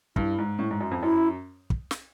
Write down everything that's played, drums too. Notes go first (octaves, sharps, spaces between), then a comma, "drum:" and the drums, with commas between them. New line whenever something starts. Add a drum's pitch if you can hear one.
G2 E4, drum: kick
G#2
A2
G#2
F#2
F2
F#2 E4
drum: kick
drum: snare